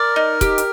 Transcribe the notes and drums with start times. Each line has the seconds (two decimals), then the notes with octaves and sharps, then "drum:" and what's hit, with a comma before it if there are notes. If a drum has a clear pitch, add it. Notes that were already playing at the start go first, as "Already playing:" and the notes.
Already playing: A#4 D5
0.16 D#4
0.41 G4, drum: kick, hi-hat
0.58 drum: hi-hat